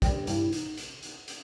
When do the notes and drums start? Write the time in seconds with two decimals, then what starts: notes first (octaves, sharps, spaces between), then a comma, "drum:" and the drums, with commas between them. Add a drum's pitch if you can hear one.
0.02 G3 D4, drum: kick, hi-hat
0.27 G2 E4, drum: hi-hat
0.52 D#4, drum: hi-hat
0.77 drum: hi-hat
1.03 drum: hi-hat
1.28 drum: hi-hat